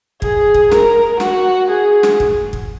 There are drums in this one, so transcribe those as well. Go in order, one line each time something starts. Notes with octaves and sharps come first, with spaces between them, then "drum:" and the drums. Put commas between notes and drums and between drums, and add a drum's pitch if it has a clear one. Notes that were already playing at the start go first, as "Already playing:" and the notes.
G#4, drum: kick
drum: kick
A#4, drum: snare
F#4, drum: snare
G#4
drum: snare
drum: kick
drum: kick